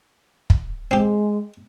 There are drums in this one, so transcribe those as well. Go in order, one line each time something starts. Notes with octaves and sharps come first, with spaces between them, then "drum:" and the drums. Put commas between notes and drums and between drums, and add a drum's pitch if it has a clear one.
drum: kick
G#3 C4 G4